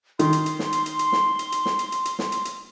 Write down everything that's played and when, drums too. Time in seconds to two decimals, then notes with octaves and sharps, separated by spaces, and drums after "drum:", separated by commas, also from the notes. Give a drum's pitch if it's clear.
0.19 D#3 C6, drum: hi-hat
0.33 drum: hi-hat
0.46 drum: hi-hat
0.59 drum: snare
0.73 drum: hi-hat
0.86 drum: hi-hat
0.99 drum: hi-hat
1.12 drum: snare
1.39 drum: hi-hat
1.52 drum: hi-hat
1.66 drum: snare
1.79 drum: hi-hat
1.92 drum: hi-hat
2.05 drum: hi-hat
2.19 drum: snare
2.32 drum: hi-hat
2.45 drum: hi-hat